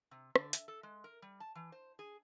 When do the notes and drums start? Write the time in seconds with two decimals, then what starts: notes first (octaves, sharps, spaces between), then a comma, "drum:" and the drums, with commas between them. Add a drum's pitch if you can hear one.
0.11 C3
0.36 D3, drum: rim click
0.53 E5, drum: hi-hat
0.68 A4
0.83 G#3
1.04 A#4
1.22 G3
1.40 A5
1.55 E3
1.72 C5
1.99 G#4